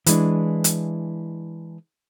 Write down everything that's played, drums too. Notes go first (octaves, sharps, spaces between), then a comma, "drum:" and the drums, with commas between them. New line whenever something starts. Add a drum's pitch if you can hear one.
E3 G#3 D4, drum: hi-hat
drum: hi-hat